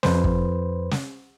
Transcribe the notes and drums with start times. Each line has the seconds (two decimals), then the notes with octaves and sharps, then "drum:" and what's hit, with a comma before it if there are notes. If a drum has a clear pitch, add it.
0.03 F2 B4 C5, drum: snare
0.24 drum: kick
0.91 drum: snare